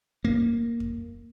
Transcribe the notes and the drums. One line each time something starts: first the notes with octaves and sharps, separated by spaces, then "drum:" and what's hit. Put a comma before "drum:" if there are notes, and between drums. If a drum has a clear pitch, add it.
A#3, drum: kick F2
drum: kick F2